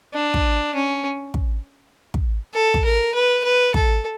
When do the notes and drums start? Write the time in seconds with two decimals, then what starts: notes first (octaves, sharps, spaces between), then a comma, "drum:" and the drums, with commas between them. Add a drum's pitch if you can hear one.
0.13 D4
0.34 drum: kick
0.74 C#4
1.34 drum: kick
2.14 drum: kick
2.53 A4
2.74 drum: kick
2.84 A#4
3.14 B4
3.44 B4
3.74 A4, drum: kick